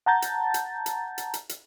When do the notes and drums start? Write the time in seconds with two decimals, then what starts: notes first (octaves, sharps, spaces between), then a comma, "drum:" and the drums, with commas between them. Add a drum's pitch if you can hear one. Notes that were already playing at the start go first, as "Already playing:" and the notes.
0.06 F#5 A5 A#5 G6 A6
0.22 drum: hi-hat
0.54 drum: hi-hat
0.86 drum: hi-hat
1.18 drum: hi-hat
1.34 drum: hi-hat
1.49 drum: hi-hat